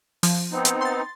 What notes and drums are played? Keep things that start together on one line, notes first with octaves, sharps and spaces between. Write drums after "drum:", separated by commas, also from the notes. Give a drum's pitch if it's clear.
F3, drum: open hi-hat
B3 C4 D#4
drum: hi-hat
C6 A6